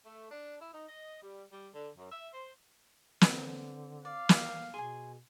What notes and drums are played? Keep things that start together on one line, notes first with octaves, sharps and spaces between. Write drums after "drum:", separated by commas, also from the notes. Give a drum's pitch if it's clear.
A3
D4
E4
D#4
D#5
G3
G3
D3
F#2
E5
C5
D3 C4 B4, drum: snare
D5 F5
drum: snare
B2 G#4 G#5 C6